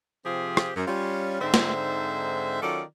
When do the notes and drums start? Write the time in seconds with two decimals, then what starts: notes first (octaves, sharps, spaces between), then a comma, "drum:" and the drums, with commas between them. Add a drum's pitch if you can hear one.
0.26 C3 F3 C4 F4 G4 G#4
0.57 drum: rim click
0.76 F#2
0.87 G3 C#4 F4
1.41 G#2 D3 C4 D#4 C5 E5
1.54 drum: snare
2.62 D#3 F#3 C#4 F4 A4 D5